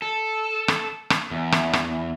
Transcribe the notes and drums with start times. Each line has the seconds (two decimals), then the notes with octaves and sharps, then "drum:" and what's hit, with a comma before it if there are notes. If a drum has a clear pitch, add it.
0.02 A4
0.68 drum: rim click
1.10 drum: rim click
1.31 E2
1.52 drum: rim click
1.73 drum: rim click